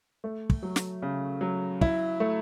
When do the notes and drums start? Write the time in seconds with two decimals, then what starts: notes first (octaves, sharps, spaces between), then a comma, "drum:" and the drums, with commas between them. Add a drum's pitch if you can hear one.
0.24 A3
0.50 drum: kick
0.63 F#3
0.76 drum: snare
1.02 C#3
1.41 F#3
1.81 E4, drum: kick
2.20 A3